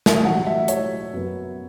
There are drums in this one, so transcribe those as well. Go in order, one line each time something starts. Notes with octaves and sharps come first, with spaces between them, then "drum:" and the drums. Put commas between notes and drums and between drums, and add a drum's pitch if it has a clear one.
drum: snare
A1 A2 F#3 F#5
E5
C#5, drum: hi-hat
F#2 F#3 B3